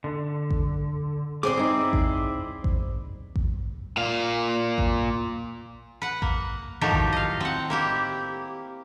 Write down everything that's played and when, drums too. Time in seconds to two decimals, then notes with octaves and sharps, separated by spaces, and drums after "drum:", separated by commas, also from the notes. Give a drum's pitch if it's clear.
0.04 D3
0.50 drum: kick A1
1.43 B2 C4 G#4 C5 D5 D6
1.57 C4 D#4 E4 D6
1.93 drum: kick A1
2.64 drum: kick A1
3.36 drum: kick A1
3.97 A#2 F5
4.78 drum: kick A1
6.02 B4 F#5
6.22 A#3, drum: kick A1
6.81 A2 D#3 F3 F#3 G4
6.92 drum: kick A1
7.13 D#5 F5
7.40 C4 F#5
7.70 A#3 E4 G4